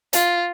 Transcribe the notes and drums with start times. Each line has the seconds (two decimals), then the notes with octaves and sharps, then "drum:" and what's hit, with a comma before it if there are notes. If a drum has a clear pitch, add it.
0.13 F4, drum: hi-hat